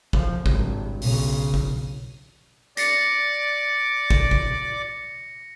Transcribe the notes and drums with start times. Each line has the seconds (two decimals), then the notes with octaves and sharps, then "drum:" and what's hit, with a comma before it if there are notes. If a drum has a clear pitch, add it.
0.13 F3, drum: kick
0.46 G#1 G2, drum: kick
1.02 B1 C#3, drum: open hi-hat
1.54 drum: kick
2.77 D5 D6 A#6 C7 C#7, drum: hi-hat
4.10 drum: kick
4.31 drum: kick